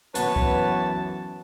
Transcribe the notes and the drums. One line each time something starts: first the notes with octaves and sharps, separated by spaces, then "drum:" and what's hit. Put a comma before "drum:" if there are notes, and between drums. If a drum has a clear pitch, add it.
F#2 E3 B3 F#4 B4 C#5 A5, drum: hi-hat
drum: kick C2